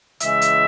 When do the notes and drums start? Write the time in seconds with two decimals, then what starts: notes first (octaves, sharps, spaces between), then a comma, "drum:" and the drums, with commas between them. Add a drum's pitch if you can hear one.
0.20 C#3 E3 G#3 E5, drum: hi-hat
0.42 drum: hi-hat